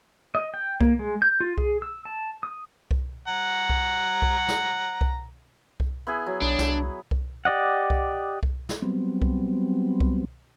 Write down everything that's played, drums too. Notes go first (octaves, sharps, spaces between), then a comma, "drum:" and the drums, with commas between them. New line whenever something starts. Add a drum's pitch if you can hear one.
D#5
G5
A#3, drum: kick C2
G#3
G6
F4
G#4, drum: kick C2
E6
A5
D#6
drum: kick C2
F#5 A#5
drum: kick C2
drum: kick C2
drum: snare
drum: kick C2
drum: kick C2
B3 E4 G#4
F#3
B1 B3 D4
C2, drum: snare
drum: kick C2
G4 D5 D#5 F#5
drum: kick C2
drum: kick C2
drum: snare
F#3 G3 B3 C4
drum: kick C2
drum: kick C2